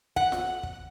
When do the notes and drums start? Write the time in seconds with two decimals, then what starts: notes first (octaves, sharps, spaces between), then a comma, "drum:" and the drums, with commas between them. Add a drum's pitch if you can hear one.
0.16 F#5, drum: kick
0.32 drum: snare F4
0.63 drum: kick